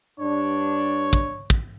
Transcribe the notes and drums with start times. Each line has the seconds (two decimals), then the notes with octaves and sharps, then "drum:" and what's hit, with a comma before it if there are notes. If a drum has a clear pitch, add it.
0.20 G2 D4 C#5
1.13 drum: kick
1.50 drum: kick